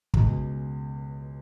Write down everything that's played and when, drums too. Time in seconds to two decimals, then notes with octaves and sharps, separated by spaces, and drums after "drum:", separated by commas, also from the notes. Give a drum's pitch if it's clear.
0.14 C#2 B2 G#3, drum: kick